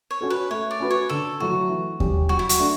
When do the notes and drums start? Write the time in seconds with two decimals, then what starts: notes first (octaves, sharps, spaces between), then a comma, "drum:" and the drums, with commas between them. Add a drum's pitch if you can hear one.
0.11 C#5
0.21 C#4 F#4 A4
0.30 B4
0.50 A3 C#5
0.71 D5
0.80 C#4 F#4 B4
0.91 C#5
1.09 D3 A4
1.40 F#3 A3 E4 F#4 A4
1.69 E3
2.00 G3 C#4 G4, drum: kick D#2
2.29 F#3 F#4
2.39 E4
2.49 F#4, drum: hi-hat
2.59 A3 D4